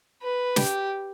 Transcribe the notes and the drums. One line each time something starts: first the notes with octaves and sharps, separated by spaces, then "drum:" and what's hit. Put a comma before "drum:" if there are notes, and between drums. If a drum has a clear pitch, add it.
B4
G4, drum: snare